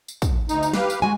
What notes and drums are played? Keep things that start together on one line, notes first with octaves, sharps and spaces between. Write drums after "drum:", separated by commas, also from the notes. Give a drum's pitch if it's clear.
drum: tambourine
drum: kick, tambourine
D2 D#4, drum: tambourine
drum: tambourine
G4 B4 F5, drum: snare
drum: tambourine
G#3 F#4 G#5